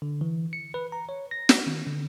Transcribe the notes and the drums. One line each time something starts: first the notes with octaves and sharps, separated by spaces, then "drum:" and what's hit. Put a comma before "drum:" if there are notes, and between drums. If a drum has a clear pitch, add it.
D3
E3
C#7
B4
A#5
C#5
A#6
drum: snare
D#3
D3